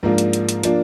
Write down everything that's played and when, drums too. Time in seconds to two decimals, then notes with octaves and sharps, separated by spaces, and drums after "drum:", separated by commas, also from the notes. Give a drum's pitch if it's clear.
0.03 G#2 F3 A#3 D4
0.18 drum: hi-hat
0.33 drum: hi-hat
0.49 drum: hi-hat
0.63 F3 A#3 D4, drum: hi-hat